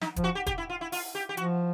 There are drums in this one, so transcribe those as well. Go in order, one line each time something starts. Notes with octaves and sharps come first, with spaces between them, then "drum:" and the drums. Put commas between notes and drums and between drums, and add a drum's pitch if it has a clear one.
D#4, drum: snare
F3, drum: kick, hi-hat
F#4
G4
G4, drum: kick, hi-hat
E4
F4
E4
F4, drum: open hi-hat
G4
G4
F3 F#4, drum: hi-hat